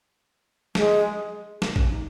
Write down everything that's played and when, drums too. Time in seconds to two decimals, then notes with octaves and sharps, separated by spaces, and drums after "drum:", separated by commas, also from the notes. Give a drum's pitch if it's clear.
0.75 G#3, drum: snare
1.62 A#3, drum: snare
1.76 C#4, drum: kick
1.90 D#4